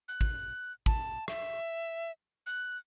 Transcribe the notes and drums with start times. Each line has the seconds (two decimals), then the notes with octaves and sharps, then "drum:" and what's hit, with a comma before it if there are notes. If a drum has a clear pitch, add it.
0.08 F#6
0.21 drum: kick A1
0.86 A5, drum: kick A1
1.28 E5, drum: rim click
2.46 F#6